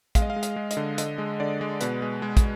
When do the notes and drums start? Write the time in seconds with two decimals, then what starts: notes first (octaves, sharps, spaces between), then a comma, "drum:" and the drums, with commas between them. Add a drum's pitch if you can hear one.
0.15 G#3 F5, drum: kick, hi-hat
0.22 D#5
0.30 F5
0.36 G#3
0.43 F5, drum: hi-hat
0.56 G#3
0.71 D#5, drum: hi-hat
0.77 D3
0.98 D3 D#5, drum: hi-hat
1.18 G#3
1.40 D3 D5
1.61 G#3
1.81 B2 B4, drum: hi-hat
2.02 G#3
2.22 G#3
2.37 drum: kick, hi-hat